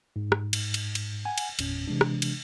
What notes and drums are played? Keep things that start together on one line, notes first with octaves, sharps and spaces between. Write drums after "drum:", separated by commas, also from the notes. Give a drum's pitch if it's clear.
G#2
drum: rim click
drum: cymbal
drum: cymbal
drum: cymbal
F#5 G#5
drum: cymbal
G1 E2 A#2 C#4, drum: cymbal
C3 E3 G#3 D4
drum: rim click
drum: cymbal